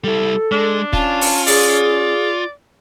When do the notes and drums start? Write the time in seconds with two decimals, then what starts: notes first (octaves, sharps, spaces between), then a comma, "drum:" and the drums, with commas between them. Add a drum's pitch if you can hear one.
0.04 G3 E4 A4
0.52 G#3 D4
0.93 C#4 F4 A5, drum: kick
1.21 drum: open hi-hat
1.47 G#4 D5, drum: open hi-hat